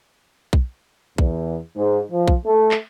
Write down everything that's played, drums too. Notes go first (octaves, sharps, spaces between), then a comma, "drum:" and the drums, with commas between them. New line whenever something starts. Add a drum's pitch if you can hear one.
drum: kick B1
E2, drum: kick B1
G#2
F3
drum: kick B1
A3
drum: clap